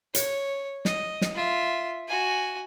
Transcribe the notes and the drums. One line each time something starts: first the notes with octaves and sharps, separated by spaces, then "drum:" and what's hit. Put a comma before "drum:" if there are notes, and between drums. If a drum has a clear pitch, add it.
C#5, drum: hi-hat
D#5, drum: snare
drum: snare
F4 E5
F#4 G#5